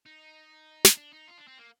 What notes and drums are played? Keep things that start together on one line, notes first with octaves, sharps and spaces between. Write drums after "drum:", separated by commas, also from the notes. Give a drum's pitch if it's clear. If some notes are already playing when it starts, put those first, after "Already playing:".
D#4
drum: snare
D4
D#4
F4
D4
C4
A#3